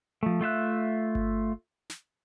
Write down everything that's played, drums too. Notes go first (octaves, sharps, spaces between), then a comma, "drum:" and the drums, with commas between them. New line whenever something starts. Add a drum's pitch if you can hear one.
F3 A3
A3 F4 E5 F#6
drum: kick G1
drum: snare